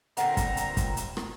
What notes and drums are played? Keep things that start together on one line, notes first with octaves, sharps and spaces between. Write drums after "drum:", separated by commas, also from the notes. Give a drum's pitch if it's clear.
A#2 D3 C4 B4 F#5 A#5, drum: hi-hat
drum: kick, hi-hat
drum: hi-hat
drum: kick, hi-hat
drum: hi-hat
drum: rim click